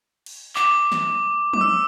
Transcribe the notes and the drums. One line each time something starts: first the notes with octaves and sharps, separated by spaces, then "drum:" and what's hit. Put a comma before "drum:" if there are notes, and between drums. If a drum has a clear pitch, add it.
drum: cymbal
D6, drum: clap
drum: snare
D6, drum: tom
E6